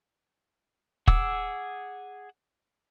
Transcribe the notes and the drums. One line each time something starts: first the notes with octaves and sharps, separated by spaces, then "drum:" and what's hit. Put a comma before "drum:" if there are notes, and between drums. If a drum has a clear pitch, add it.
G#4 F#5 D6 E6, drum: kick